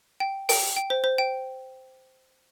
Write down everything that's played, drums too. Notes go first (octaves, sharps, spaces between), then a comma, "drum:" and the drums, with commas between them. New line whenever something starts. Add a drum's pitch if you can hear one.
G5
G5, drum: open hi-hat
G5
C5
C5
G5